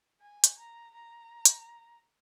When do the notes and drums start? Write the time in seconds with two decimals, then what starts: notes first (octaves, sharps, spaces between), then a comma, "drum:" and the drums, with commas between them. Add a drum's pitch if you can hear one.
0.21 G#5
0.44 drum: hi-hat
0.58 A#5
0.94 A#5
1.45 drum: hi-hat